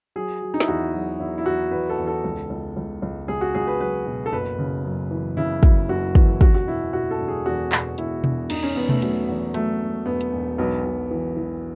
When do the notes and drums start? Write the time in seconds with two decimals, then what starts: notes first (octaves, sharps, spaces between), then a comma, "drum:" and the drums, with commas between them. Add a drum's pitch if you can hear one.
0.16 F#3 G#4
0.42 F#3
0.54 D#4
0.60 E4, drum: snare
0.68 E2 F#4
0.94 F#3
1.20 E2 E4
1.38 E4
1.46 E2 F#4
1.71 E2 B4
1.89 A4
1.98 E2
2.07 A4
2.24 C#2
2.50 C#2
2.77 C#2
3.02 C#2
3.28 C#2 G#4
3.41 F#4
3.54 C#2 G#4
3.67 B4
3.80 F#3 B4
4.07 B2
4.26 A4
4.33 F#1 B4
4.58 C#3
4.85 F#2
5.11 E3
5.37 C#3 E4
5.63 F#2, drum: kick
5.89 F#1 F#4
6.15 E3, drum: kick
6.41 E1 F#4, drum: kick
6.54 F#4
6.67 B2 E4
6.93 B2 F#4
7.11 A4
7.19 E1
7.28 G#4
7.46 E2 F#4
7.72 B2, drum: clap
7.98 E1 E4, drum: hi-hat
8.24 E1, drum: tom B2
8.50 E1 D#4, drum: cymbal
8.63 C#4
8.76 E2 B3
8.89 A3, drum: tom B2
9.02 F#3 A3, drum: hi-hat
9.28 E2
9.54 F#3 A3, drum: hi-hat
9.80 E1
10.06 E1 B3
10.21 drum: hi-hat
10.33 E1
10.58 B1 B3
10.85 B1
11.11 E3
11.37 E3